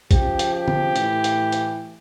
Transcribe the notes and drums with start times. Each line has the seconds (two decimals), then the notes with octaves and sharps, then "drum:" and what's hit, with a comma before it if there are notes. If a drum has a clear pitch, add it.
0.11 C#3 F3 G4, drum: kick, hi-hat
0.39 drum: hi-hat
0.54 G4
0.68 drum: tom
0.96 A2 E3, drum: hi-hat
1.24 drum: hi-hat
1.52 drum: hi-hat